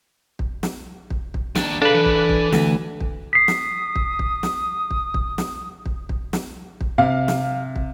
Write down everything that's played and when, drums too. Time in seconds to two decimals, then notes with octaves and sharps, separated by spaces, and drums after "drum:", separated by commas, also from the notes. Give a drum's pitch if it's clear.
0.39 drum: kick
0.63 drum: snare
1.10 drum: kick
1.34 drum: kick
1.55 D#2 D4, drum: snare
1.82 D4 G#4 A4 B4 F5
1.94 E3
2.05 drum: kick
2.29 drum: kick
2.53 D2, drum: snare
3.00 drum: kick
3.33 D#6 B6 C7
3.48 drum: snare
3.95 drum: kick
4.19 drum: kick
4.43 drum: snare
4.90 drum: kick
5.14 drum: kick
5.38 drum: snare
5.86 drum: kick
6.09 drum: kick
6.33 drum: snare
6.81 drum: kick
6.98 C3 F5
7.28 drum: snare
7.76 drum: kick